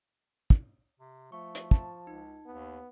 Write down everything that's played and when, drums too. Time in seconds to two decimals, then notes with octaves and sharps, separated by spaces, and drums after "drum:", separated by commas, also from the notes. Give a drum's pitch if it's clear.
0.50 drum: kick
1.00 C3
1.32 F3 A3 C#6
1.55 drum: hi-hat
1.71 A5, drum: kick
2.07 C#2 D#4
2.46 D#2 B3